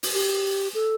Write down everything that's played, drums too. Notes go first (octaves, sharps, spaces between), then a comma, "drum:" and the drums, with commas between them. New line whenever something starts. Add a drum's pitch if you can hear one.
drum: open hi-hat
G4
A4